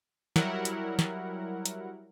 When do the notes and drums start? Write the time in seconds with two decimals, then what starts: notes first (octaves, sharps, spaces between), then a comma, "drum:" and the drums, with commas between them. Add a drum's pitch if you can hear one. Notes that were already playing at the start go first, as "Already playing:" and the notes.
0.36 F#3 G3 E4 A#4 F#5, drum: snare
0.65 drum: hi-hat
0.99 drum: snare
1.66 drum: hi-hat